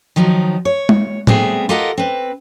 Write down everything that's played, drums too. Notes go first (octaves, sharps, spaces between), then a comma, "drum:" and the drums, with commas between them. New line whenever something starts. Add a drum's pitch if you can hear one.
D#3 F3 F#3 D#4
C#5
drum: tom G#3
G3 A3 B3 C4 G#4 E5, drum: tom A2
F4 G4 A4 A#4 D#5 F#5
C4 B4